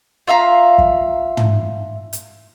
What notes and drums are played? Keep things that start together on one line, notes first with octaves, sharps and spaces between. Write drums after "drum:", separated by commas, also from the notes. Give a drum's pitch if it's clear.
F4 E5 F5 A#5
drum: kick
drum: tom
drum: hi-hat